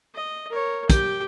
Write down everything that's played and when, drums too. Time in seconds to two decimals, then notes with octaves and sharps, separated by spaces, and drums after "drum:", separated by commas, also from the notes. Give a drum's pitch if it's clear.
0.15 D#5
0.51 A#4 C#5
0.90 G4 G5, drum: kick, hi-hat